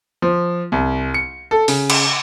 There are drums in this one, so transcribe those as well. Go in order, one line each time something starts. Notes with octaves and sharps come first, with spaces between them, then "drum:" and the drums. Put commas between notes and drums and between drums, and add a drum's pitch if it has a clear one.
F3
C2
C#7
A4
C#3, drum: open hi-hat
drum: cymbal